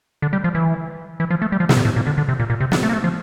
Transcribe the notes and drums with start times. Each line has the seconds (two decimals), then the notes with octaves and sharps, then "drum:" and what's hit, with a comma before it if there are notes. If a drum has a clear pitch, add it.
0.22 D3
0.33 G3
0.44 F3
0.55 E3
1.20 E3
1.30 F3
1.42 A3
1.52 G3
1.60 F3
1.69 C3, drum: snare
1.77 A#2
1.85 A2
1.96 A#2
2.07 D3
2.18 D3
2.29 C3
2.40 A#2
2.50 A#2
2.61 C3
2.72 D3, drum: snare
2.83 A3
2.89 A#3
2.93 A3
3.04 F3